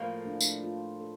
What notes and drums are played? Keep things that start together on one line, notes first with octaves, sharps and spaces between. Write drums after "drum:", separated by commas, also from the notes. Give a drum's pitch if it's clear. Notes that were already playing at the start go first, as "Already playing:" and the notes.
Already playing: A2 F3 A3 A#3
D4
E4
D4, drum: tambourine
F4
A4